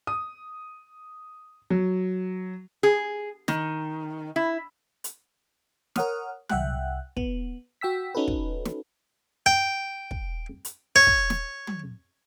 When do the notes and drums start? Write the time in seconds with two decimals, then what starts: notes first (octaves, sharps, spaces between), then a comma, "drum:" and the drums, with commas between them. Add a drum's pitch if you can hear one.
0.07 D#6
1.70 F#3
2.83 G#4
3.48 D#3, drum: snare
4.36 E4
5.04 drum: hi-hat
5.96 A#4 C#5 F#5 D#6 F6, drum: snare
6.49 C2 E5 F#5 G5 F#6, drum: tom
7.17 B3, drum: kick
7.81 F#4 G5 E6 B6
8.15 C#4 D#4 F#4 A4 B4
8.28 drum: kick
8.65 drum: snare
9.46 G5
10.11 drum: kick
10.65 drum: hi-hat
10.96 C#5
11.07 drum: kick
11.30 drum: snare
11.67 drum: tom